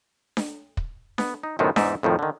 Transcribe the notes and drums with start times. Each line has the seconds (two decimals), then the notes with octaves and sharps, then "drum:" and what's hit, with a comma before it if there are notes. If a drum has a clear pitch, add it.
0.37 drum: snare D4
0.77 drum: kick
1.18 B3, drum: snare D4
1.43 D#4
1.59 F#2 A2 C3 D#3 B3 C4
1.76 E2 G#2 D#4 D5 E5, drum: snare D4
2.03 F2 A2 D#3 F3
2.19 D3 D#3